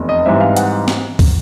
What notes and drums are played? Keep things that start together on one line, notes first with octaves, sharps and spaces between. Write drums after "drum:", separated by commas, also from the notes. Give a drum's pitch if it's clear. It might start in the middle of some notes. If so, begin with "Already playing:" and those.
Already playing: F1 E2
D#5
G#2 E3 G3 C4 E5
F5
F#5, drum: hi-hat
drum: snare
drum: kick, open hi-hat